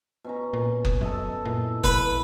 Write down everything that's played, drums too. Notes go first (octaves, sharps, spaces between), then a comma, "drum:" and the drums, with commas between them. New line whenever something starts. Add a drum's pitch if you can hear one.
B2 C#4 A#5
A#2
drum: kick F#1
F#2 A4 D#5 E5
A#2 E4
A#1 B4 B5, drum: kick F#1